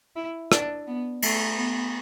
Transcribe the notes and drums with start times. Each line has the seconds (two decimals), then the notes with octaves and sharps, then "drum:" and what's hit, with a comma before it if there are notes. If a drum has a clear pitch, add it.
0.16 E4
0.52 D4, drum: rim click
0.87 B3
1.22 A3, drum: cymbal
1.56 B3